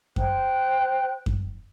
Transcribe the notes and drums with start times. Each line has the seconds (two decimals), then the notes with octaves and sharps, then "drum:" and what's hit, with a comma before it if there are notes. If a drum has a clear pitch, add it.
0.16 C5 G5 F#6, drum: kick F#2
1.26 drum: kick F#2